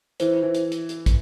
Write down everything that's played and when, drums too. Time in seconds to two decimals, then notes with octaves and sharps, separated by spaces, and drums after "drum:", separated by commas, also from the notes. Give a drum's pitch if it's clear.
0.20 E3 C5, drum: hi-hat
0.43 E3
0.54 drum: hi-hat
0.72 drum: hi-hat
0.89 drum: hi-hat
1.06 drum: kick, hi-hat